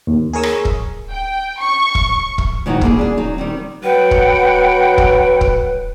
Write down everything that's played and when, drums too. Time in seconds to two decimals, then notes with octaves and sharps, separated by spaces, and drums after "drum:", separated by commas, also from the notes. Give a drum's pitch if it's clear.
0.07 D#2
0.33 G#4 A#4 C#5 D#6 E6
0.43 drum: rim click
0.65 drum: kick
1.11 G5
1.59 C#6
1.95 drum: kick
2.38 drum: kick
2.66 G#2 D#3 F#3 D#4 F#4
2.81 G3 A#3 G#4, drum: kick
2.99 D4 G#4
3.17 F#3 D#4
3.38 D#3 G3 C4
3.83 F#3 B4 F#5 G5 B5
4.11 drum: kick
4.98 drum: kick
5.41 drum: kick